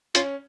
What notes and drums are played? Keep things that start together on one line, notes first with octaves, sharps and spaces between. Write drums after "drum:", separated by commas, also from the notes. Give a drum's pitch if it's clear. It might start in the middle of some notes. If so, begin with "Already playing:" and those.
C#4 F4, drum: hi-hat